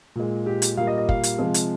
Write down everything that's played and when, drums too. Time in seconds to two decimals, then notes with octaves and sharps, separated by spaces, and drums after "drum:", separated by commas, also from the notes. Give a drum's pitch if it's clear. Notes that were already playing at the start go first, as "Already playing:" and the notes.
0.16 A#2 G#3
0.46 G4
0.62 drum: hi-hat
0.77 A#2 G3 A#3 F5
0.87 D#5
0.98 D#5
1.09 F5, drum: kick
1.23 drum: hi-hat
1.39 C3 F3 G#3
1.54 drum: hi-hat